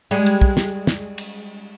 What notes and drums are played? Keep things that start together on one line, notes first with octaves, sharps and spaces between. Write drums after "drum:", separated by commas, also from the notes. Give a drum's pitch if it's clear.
G3 G#3
drum: cymbal
drum: kick
drum: snare
drum: snare
drum: cymbal